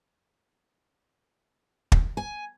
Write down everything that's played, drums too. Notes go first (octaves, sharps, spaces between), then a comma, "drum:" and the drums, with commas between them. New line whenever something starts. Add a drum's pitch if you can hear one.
drum: kick
G#5